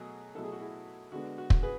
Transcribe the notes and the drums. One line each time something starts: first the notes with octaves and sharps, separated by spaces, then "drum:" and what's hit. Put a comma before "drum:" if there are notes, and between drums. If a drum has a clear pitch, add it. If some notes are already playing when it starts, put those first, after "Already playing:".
Already playing: B2 F#3 A3 G#4
B2 F#3 A3 E4 A4
G#4
F#4
E4 G#4
D3 G#3 B3 D4 F#4
F#4
drum: kick
G#4 B4